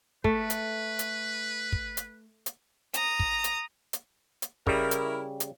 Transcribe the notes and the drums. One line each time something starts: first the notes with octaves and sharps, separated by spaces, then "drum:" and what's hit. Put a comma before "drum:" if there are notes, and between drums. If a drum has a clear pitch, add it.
A3 B4, drum: kick
drum: hi-hat
drum: hi-hat
drum: kick
drum: hi-hat
drum: hi-hat
A#5 D#6, drum: hi-hat
drum: kick
drum: hi-hat
drum: hi-hat
drum: hi-hat
C#3 G3 E4 A#4, drum: kick
drum: hi-hat
drum: hi-hat